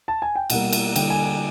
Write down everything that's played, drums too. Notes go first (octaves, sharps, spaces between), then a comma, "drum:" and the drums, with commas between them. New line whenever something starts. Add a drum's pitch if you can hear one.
A5
G#5
G5
B2 G3 A#3 F#5, drum: cymbal
drum: cymbal
D3 G3 A#3 G5, drum: cymbal
G#5
G#5